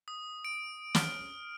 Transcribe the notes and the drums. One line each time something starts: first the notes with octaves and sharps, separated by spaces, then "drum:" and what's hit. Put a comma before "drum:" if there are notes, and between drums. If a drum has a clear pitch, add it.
D#6
D7
F6, drum: snare